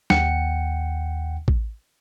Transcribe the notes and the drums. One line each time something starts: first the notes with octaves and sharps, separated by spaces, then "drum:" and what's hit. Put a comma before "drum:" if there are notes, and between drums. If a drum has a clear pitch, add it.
D#2 F#5 G5 C#7, drum: snare
drum: kick A1